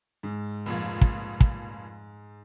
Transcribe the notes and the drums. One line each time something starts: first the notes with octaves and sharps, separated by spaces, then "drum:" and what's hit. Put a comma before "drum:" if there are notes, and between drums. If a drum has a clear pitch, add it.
G#2
F1 F2 A#2
drum: kick
drum: kick